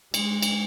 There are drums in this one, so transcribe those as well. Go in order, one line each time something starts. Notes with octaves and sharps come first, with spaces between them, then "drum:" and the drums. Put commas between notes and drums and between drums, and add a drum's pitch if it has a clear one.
G#3, drum: cymbal
drum: cymbal